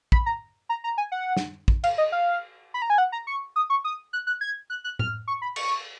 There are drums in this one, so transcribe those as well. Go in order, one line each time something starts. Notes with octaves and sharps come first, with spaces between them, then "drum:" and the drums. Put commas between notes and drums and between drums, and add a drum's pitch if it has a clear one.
B5, drum: kick
A#5
A#5
A#5
G#5
F#5
drum: snare
drum: kick
F5, drum: cymbal
D#5
F5
B5
A#5
G#5
F#5
A#5
C#6
D#6
C#6
D#6
F#6
F#6
G#6
F#6
F#6
F6, drum: tom A2
C#6
B5
C#6, drum: cymbal